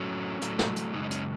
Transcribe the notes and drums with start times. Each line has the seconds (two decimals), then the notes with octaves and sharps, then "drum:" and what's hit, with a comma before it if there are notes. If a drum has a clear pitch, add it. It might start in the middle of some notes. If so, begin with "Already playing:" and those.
Already playing: A2 F#3 A3 C#4
0.42 A2 F#3 A3, drum: hi-hat
0.59 drum: snare
0.76 drum: hi-hat
0.93 F#2 C#3 G#3 D#4
1.03 D#4
1.11 C#4, drum: hi-hat